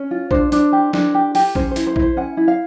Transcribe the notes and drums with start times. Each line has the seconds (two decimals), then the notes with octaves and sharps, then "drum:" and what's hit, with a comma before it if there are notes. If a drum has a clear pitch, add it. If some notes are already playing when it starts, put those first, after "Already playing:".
Already playing: C#4 C#5
0.11 F4
0.31 D4 C5, drum: kick A#1
0.52 D4, drum: hi-hat
0.72 G4
0.93 D4, drum: snare
1.14 G4
1.35 G4, drum: open hi-hat
1.55 C#4 C5, drum: kick A#1
1.71 C5
1.76 E4, drum: hi-hat
1.87 C5
1.96 E4, drum: kick A#1
2.02 C5
2.16 C#4 F#5
2.37 E4
2.48 F5